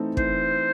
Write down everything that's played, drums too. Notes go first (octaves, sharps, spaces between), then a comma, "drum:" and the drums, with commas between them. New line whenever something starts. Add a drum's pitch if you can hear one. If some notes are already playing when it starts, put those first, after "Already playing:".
Already playing: E3 A3 C4 D#4 A4
E3 C5, drum: kick